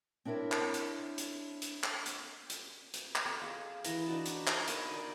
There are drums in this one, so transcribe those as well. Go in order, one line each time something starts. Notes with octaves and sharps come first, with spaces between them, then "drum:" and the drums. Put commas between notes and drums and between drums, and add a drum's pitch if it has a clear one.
C4 D4 E4 A#4 C#5
drum: clap
drum: hi-hat
drum: hi-hat
drum: hi-hat
drum: clap
drum: hi-hat
drum: hi-hat
drum: hi-hat
drum: clap
C4 A4
G#4 F5
E3 E4 A#5, drum: hi-hat
D4 D#4 F#4 A5
drum: hi-hat
drum: clap
A#4 G#5 B5 C#6, drum: hi-hat
D#4 D5